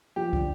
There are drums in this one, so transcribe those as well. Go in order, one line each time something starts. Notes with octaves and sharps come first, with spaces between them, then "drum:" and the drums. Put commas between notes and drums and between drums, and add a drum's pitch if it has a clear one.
F3 G4
D3, drum: kick